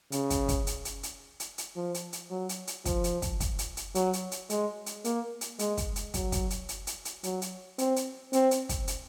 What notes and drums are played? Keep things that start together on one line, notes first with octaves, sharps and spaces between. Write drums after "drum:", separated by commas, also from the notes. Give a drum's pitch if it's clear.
C#3, drum: hi-hat
drum: kick, hi-hat
drum: kick, hi-hat
drum: hi-hat
drum: hi-hat
drum: hi-hat
drum: hi-hat
drum: hi-hat
F3
drum: hi-hat
drum: hi-hat
F#3
drum: hi-hat
drum: hi-hat
F3, drum: kick, hi-hat
drum: hi-hat
drum: kick, hi-hat
drum: kick, hi-hat
drum: hi-hat
drum: hi-hat
F#3, drum: hi-hat
drum: hi-hat
drum: hi-hat
G#3, drum: hi-hat
drum: hi-hat
A#3, drum: hi-hat
drum: hi-hat
G#3, drum: hi-hat
drum: kick, hi-hat
drum: hi-hat
F#3, drum: kick, hi-hat
drum: kick, hi-hat
drum: hi-hat
drum: hi-hat
drum: hi-hat
drum: hi-hat
F#3, drum: hi-hat
drum: hi-hat
C4, drum: hi-hat
drum: hi-hat
C4, drum: hi-hat
drum: hi-hat
drum: kick, hi-hat
drum: hi-hat